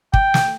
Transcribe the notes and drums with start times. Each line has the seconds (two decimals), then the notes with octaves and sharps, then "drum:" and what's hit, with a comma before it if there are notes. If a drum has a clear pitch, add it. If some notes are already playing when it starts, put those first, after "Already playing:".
0.14 G5, drum: kick
0.34 drum: snare